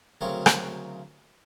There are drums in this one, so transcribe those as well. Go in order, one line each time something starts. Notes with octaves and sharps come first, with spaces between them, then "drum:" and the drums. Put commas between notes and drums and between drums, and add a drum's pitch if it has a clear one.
D2 C#3 F#3 C4 A#4 C#6
drum: rim click